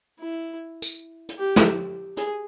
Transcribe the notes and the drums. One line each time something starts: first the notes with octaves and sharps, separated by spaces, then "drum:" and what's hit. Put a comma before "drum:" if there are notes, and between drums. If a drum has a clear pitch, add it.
E4
drum: tambourine
drum: hi-hat
G4
drum: snare
G#4, drum: hi-hat